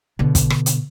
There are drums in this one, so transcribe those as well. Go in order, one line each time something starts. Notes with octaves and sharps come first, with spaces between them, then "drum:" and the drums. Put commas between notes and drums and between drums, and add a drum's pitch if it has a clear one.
B2 D3
drum: kick, hi-hat
drum: rim click
drum: hi-hat